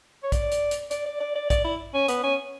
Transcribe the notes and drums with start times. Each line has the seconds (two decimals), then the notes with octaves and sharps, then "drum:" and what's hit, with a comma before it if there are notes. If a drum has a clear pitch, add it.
0.24 C#5
0.32 D5, drum: kick, hi-hat
0.52 drum: hi-hat
0.71 drum: hi-hat
0.91 D5, drum: hi-hat
1.06 D5
1.20 D5
1.35 D5
1.50 D5, drum: kick, hi-hat
1.65 E4
1.94 C#4
2.08 B3, drum: hi-hat
2.24 C#4